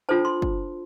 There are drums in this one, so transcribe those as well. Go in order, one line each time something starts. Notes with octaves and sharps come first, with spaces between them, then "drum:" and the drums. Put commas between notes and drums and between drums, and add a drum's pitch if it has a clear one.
D4 F4 A4 C5 A5
C6
drum: kick